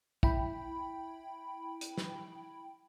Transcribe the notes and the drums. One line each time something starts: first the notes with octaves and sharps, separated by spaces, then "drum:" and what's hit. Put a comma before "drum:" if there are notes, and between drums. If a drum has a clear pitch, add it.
E4 G5 B5, drum: kick
drum: hi-hat
drum: snare